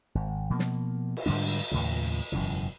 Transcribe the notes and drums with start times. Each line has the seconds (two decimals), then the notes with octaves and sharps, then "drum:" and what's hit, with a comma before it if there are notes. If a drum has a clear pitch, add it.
0.15 G#1
0.50 B2 F3 A#3
0.59 drum: snare
1.17 drum: cymbal
1.26 G#2 D3 G3 D4
1.71 D#2 A2 C#3 F3
2.32 E1 F#2 C#3 E3